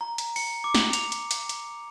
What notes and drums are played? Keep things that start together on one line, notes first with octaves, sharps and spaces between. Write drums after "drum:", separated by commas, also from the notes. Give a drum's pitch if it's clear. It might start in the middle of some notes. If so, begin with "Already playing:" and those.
A#5
drum: hi-hat
C#7, drum: open hi-hat
D6
drum: snare
F7, drum: hi-hat
drum: hi-hat
drum: hi-hat
drum: hi-hat